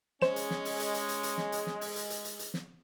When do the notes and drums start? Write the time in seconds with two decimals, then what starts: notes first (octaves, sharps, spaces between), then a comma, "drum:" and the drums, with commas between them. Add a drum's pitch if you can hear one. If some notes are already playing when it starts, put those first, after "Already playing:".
0.22 G#3 C#4 C5 E7, drum: snare
0.36 drum: hi-hat
0.51 drum: snare
0.65 drum: open hi-hat
0.80 drum: hi-hat
0.94 drum: hi-hat
1.09 drum: hi-hat
1.23 drum: hi-hat
1.38 drum: snare
1.52 drum: hi-hat
1.67 drum: snare
1.81 drum: open hi-hat
1.96 drum: hi-hat
2.10 drum: hi-hat
2.25 drum: hi-hat
2.39 drum: hi-hat
2.54 drum: snare